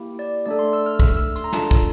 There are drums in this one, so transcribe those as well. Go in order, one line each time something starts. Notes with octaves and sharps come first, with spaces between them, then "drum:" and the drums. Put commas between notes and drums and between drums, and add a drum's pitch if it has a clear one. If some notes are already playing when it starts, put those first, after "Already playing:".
Already playing: A#3 E4 G4
D5
A3 D4 A4 D5
C6
E6
F6
E6, drum: kick, hi-hat
E6
C6, drum: hi-hat
A#5
D4 F4 A4 A5, drum: snare
drum: kick, hi-hat